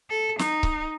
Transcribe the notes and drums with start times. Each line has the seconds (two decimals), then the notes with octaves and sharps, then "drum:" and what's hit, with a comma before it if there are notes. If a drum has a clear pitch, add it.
0.10 A4
0.39 D#4, drum: snare
0.63 drum: kick C#1